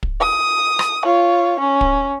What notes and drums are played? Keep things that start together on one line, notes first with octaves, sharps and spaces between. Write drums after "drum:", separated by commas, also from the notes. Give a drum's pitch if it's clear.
drum: kick
D#6
drum: rim click
F4 C#5
C#4
drum: kick